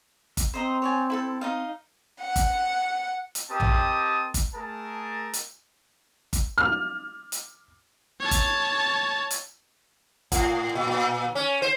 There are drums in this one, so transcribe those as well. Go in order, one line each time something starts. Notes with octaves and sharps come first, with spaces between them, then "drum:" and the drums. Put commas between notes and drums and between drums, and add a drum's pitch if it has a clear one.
drum: kick G1, hi-hat
C4 C5 D#5 A#5
C#5 D5 G#5
E4 A4 A5
D#4 D#5 F5
F#5
drum: kick G1, hi-hat
drum: hi-hat
C4 G4 A#4 D#5 A5 D#6
drum: tom A#1
drum: kick G1, hi-hat
A3 G#4 A#4 A5
drum: hi-hat
drum: kick G1, hi-hat
F6
drum: hi-hat
C#5 A5
drum: kick G1, hi-hat
drum: hi-hat
A2, drum: kick G1, hi-hat
A#2
A#2
C#4
C5